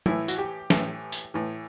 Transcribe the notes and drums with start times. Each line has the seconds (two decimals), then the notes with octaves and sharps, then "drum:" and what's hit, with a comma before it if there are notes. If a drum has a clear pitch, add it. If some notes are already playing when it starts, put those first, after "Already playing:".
0.06 A2 E3 E4, drum: tom
0.28 F#4, drum: tambourine
0.38 G4
0.70 A2 E3, drum: snare
1.12 drum: tambourine
1.34 A2 E3